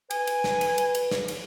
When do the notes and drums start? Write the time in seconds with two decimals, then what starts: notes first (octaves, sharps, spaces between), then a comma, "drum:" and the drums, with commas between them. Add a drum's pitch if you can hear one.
0.11 B4 G#5, drum: cymbal
0.27 drum: cymbal
0.44 drum: snare
0.61 drum: cymbal
0.78 drum: cymbal
0.95 drum: cymbal
1.11 drum: snare
1.28 drum: cymbal